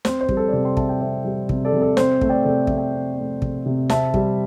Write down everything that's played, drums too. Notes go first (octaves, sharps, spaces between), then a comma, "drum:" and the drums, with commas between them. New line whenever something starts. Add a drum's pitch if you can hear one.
C4 C5, drum: snare
C5
G3, drum: kick
A4
D5
C3 C5
G5 C6
C3 E5 A5, drum: kick
D5 G5
C4 C5 E5
G3
C3, drum: kick
A4 D5
C3
A4
C4 C5, drum: snare
A3, drum: kick
D5 G5
C3 A4 D5
C3 E5, drum: kick
D5 G5
C4
A3
C3, drum: kick
C3
C4 E5 A5, drum: snare
G3, drum: kick